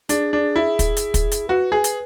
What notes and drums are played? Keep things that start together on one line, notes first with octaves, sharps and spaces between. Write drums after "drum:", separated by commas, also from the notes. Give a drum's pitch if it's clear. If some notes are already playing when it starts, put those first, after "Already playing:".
D4 G#4, drum: hi-hat
D4
E4
drum: kick, hi-hat
drum: hi-hat
drum: kick, hi-hat
drum: hi-hat
F#4 B4
G#4
drum: hi-hat